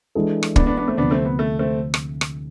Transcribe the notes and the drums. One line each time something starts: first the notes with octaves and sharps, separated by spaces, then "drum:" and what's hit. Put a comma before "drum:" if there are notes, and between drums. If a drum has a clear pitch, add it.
E3 G#3 D4 A4
drum: rim click
B3 D4, drum: kick
B3 D4
B3 D4
A3 C4
D2 C3 F3 B3 D4
A3 C4
B3
A3
A3 C4
drum: rim click
drum: rim click